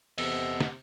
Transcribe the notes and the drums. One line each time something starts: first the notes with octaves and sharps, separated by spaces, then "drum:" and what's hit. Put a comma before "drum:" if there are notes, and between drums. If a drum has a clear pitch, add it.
E2 C3 B3 A4 D#5 F#5 E6, drum: open hi-hat
drum: snare